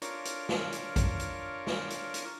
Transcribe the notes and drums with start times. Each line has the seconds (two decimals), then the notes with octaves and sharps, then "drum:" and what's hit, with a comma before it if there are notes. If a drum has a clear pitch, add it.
0.02 D4 F4 A#4 C#5, drum: hi-hat
0.25 drum: hi-hat
0.49 drum: snare
0.72 drum: hi-hat
0.96 drum: kick A1, hi-hat
1.20 drum: hi-hat
1.67 drum: snare
1.90 drum: hi-hat
2.14 drum: hi-hat